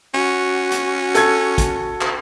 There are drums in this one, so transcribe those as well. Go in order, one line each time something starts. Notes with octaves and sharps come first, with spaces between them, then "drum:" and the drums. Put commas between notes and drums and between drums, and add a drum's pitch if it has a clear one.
C#4 F#4
drum: hi-hat
A4 G#6, drum: hi-hat
drum: kick, hi-hat
drum: clap